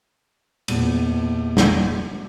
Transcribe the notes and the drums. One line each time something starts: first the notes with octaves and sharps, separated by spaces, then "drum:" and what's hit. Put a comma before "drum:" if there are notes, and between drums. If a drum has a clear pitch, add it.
E2 A#2, drum: cymbal
drum: snare